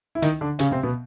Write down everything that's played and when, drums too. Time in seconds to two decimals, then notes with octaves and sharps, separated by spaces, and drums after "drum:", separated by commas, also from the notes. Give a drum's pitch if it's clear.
0.15 E4
0.22 D#3 D#4, drum: hi-hat
0.41 D3 D4
0.59 C#3 C#4, drum: hi-hat
0.71 C3 C4
0.83 B2 B3